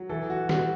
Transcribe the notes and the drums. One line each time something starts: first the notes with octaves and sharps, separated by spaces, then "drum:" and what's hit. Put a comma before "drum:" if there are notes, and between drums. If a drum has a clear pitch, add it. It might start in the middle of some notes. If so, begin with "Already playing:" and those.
Already playing: F#3
E3 A4
F#4
G3 F#4, drum: snare